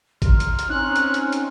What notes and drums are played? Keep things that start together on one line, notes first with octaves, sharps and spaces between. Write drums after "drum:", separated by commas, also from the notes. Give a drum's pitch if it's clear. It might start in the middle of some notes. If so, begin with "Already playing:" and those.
A#5 C6 F6, drum: kick A1, hi-hat
drum: hi-hat
drum: hi-hat
C4 C#4 D#4 F#6
drum: hi-hat
drum: hi-hat
drum: hi-hat